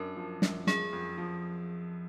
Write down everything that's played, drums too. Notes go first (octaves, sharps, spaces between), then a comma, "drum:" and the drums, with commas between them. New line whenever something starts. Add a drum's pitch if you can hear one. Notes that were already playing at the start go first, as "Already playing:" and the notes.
Already playing: F#2 D4 A#4
F3
F#2, drum: snare
F3 G#4, drum: snare
F2
F3